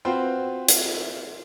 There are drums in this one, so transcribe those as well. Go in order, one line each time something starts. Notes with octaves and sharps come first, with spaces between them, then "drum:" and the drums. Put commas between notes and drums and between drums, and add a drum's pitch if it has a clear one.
C4 F4 F#4 B4 C5 G5
drum: hi-hat